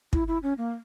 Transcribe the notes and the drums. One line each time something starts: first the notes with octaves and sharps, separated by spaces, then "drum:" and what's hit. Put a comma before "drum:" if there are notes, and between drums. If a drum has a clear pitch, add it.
E4, drum: kick
E4
C#4
A#3